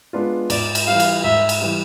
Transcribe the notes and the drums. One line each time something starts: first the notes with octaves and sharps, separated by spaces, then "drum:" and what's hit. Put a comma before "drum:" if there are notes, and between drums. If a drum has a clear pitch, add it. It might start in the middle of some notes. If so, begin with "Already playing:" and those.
G#3 B3 D4 F4
G#2 D5, drum: cymbal
drum: cymbal
E3 G3 F5
drum: cymbal
G#2 E5
drum: cymbal
E3 G3